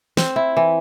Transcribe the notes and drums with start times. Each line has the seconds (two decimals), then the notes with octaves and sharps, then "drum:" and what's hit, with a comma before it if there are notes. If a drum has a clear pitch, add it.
0.17 C4, drum: snare
0.36 E4
0.57 E3